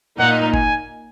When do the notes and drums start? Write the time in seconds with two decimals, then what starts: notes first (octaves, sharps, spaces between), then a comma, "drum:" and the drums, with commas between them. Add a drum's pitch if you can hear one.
0.18 A#2 A#3 D#4 F#5
0.54 G#5, drum: kick G1